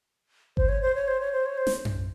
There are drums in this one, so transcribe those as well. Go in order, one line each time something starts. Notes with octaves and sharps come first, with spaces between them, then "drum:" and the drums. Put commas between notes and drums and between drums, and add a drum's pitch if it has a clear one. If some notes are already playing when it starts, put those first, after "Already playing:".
C5, drum: kick G1
C#5
C5
C#5
C5
C#5
C5
C#5
C5
drum: snare
drum: tom F#2